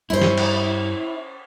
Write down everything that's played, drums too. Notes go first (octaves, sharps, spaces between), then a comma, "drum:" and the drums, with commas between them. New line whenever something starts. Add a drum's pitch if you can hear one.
G2 G3 C#4 E4 C5
drum: snare
drum: cymbal